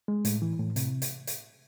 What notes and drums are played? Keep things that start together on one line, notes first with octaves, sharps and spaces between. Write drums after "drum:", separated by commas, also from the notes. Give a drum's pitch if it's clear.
G#3
A2, drum: hi-hat
E3
A2
C3, drum: hi-hat
drum: hi-hat
drum: hi-hat